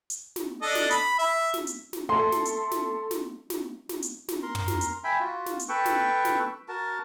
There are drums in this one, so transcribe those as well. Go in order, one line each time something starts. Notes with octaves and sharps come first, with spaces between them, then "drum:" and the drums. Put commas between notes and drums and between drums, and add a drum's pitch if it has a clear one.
drum: hi-hat
drum: snare
D4 A4 D#5
drum: snare
B5, drum: hi-hat
E5
drum: snare
drum: hi-hat
drum: snare
A3 A4 C6
drum: snare
drum: hi-hat
drum: snare
drum: snare
drum: snare
drum: snare
drum: hi-hat
drum: snare
A#4 A#5 C6
drum: tom
drum: snare
drum: hi-hat
E5 G5 G#5 B5
F4 F#4
drum: snare
drum: hi-hat
A4 B4 G5 C#6
drum: snare
drum: snare
F#4 A#4 A5